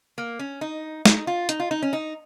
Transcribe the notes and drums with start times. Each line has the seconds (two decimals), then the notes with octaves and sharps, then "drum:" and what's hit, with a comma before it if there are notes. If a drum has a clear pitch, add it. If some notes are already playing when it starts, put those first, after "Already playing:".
0.18 A#3
0.39 C#4
0.61 D#4
1.05 D#4, drum: snare
1.27 F4
1.49 D#4, drum: hi-hat
1.60 F4
1.71 D#4
1.82 C#4
1.93 D#4